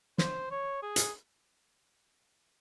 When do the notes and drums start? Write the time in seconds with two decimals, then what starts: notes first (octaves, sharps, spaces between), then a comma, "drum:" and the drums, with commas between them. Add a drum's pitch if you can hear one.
0.18 C5, drum: snare
0.51 C#5
0.82 G#4
0.96 drum: hi-hat